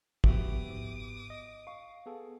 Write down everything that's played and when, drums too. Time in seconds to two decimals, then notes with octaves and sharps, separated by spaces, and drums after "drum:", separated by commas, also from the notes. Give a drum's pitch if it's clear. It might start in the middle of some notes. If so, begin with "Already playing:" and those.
0.24 A#1 G#2 B3 F#4 G4 E5 D6 D#6, drum: kick
0.68 G#2
1.30 D#5
1.67 F5 C#6
2.06 B3 G#4 A4